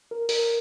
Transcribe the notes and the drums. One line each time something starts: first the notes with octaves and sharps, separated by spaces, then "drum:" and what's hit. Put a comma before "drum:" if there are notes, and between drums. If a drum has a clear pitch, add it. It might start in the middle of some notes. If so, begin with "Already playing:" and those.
A#4
A#4, drum: open hi-hat